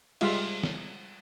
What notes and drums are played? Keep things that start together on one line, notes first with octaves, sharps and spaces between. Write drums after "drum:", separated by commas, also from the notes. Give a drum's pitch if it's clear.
G3 G#3 F4 E5 F5, drum: cymbal
drum: snare